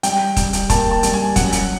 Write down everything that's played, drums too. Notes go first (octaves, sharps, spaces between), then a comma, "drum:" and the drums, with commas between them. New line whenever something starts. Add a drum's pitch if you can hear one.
G3 G5, drum: hi-hat
G3, drum: kick D#1, hi-hat
drum: hi-hat
A#3 A5, drum: kick D#1, hi-hat
A5
G3, drum: hi-hat
G#5
F#2 F#5, drum: kick D#1, hi-hat
drum: hi-hat